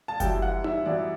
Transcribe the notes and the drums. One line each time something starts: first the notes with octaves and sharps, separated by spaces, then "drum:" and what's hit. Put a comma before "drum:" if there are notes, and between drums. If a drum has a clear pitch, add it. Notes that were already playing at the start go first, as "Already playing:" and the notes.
A5
F#2 E3 G3 B3 E4 G5, drum: kick F#1, hi-hat
F#5
E5, drum: tom D#4
F#2 E3 G3 B3 E4 D5